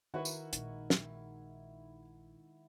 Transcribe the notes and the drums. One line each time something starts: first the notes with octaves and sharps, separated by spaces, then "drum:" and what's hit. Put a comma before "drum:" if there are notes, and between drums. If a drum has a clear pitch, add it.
D#3 E4 F#4 A#4 B4 F#5 C#6
drum: tambourine
A#1 G#3 D#4, drum: hi-hat
drum: snare